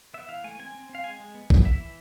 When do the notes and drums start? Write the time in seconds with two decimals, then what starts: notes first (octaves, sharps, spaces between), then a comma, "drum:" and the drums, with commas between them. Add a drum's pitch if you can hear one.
0.14 B3 E5
0.29 E3 F5
0.44 A3 G#5
0.59 C4 G#5
0.75 C4
0.89 C4
0.95 F5
1.04 G#3 G#5
1.20 G#3
1.35 B3
1.50 B3, drum: kick A1
1.65 E3 E5
1.81 E3